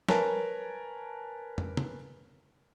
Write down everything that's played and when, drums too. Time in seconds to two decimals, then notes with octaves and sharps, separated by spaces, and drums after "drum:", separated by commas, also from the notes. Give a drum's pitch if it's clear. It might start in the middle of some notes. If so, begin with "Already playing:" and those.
0.09 A#4 B4 C#5 G#5 A5, drum: snare
1.58 drum: tom
1.77 drum: tom